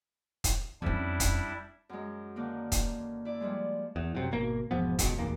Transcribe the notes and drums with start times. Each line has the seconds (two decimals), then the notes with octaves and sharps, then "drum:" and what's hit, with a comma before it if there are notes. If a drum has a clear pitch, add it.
0.44 drum: kick E1, hi-hat
0.82 F2 G3 C#4 D4 E4
1.20 drum: kick E1, hi-hat
1.89 F#2 G#3
2.36 D3 D#3 A#3
2.72 drum: kick E1, hi-hat
3.25 E4 D5
3.40 F3 G3 G#3
3.96 E2
4.15 F#2 C3
4.31 G#1 B2 A#3
4.71 E1 G#2 F3 B3
4.99 G1 C#2 B2, drum: kick E1, hi-hat
5.19 E1 A1 D#2 A#3